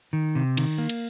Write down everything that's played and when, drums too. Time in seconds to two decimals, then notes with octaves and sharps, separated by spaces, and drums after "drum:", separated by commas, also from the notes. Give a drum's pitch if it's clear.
0.13 D#3
0.35 C3
0.57 D#3, drum: cymbal
0.78 A#3
0.89 drum: cymbal